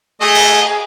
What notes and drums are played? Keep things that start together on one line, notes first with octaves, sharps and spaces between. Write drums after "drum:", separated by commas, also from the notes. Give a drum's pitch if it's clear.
A3 G#4 D#5
drum: cymbal